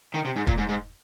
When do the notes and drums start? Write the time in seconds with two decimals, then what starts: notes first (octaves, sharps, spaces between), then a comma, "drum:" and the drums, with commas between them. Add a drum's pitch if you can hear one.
0.14 D#3
0.25 C3
0.36 G#2
0.47 A#2, drum: kick
0.58 G#2
0.69 G#2